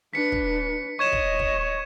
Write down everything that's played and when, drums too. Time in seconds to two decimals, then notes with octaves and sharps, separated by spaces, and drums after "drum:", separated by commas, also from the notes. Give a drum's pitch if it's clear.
0.13 D4 B4 B6 C#7
0.32 drum: kick
0.99 C#5 D#5 C#6 G#6 E7
1.13 drum: kick
1.39 drum: kick